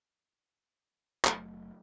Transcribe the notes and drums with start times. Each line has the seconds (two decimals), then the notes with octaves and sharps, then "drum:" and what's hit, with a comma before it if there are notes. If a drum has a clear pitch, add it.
1.25 F#1 F#3 A3, drum: clap